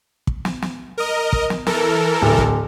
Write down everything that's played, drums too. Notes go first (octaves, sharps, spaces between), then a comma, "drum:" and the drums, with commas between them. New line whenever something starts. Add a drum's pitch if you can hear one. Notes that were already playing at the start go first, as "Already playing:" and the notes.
drum: kick
drum: snare
drum: snare
A#4 D#5
drum: kick
drum: snare
E3 A4 A#4, drum: snare
D1
drum: kick